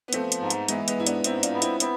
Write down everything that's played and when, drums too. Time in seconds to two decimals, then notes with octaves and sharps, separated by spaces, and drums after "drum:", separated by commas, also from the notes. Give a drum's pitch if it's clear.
0.08 B3
0.13 F3 A3 C4, drum: hi-hat
0.32 drum: hi-hat
0.41 G#2
0.50 drum: hi-hat
0.68 E3 G#3 B3, drum: hi-hat
0.88 G#3 B3, drum: hi-hat
0.97 G#2 E4
1.07 B3 D4, drum: hi-hat
1.24 G#2 C4 E4, drum: hi-hat
1.43 D4 F4, drum: hi-hat
1.54 B3
1.62 C4 E4, drum: hi-hat
1.80 B3 C4 E4, drum: hi-hat